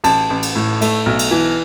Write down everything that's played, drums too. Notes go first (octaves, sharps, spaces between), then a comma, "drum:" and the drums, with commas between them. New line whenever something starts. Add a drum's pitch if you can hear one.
A1 A5, drum: cymbal
A1
drum: cymbal
A2
A3, drum: cymbal
B1
drum: cymbal
E3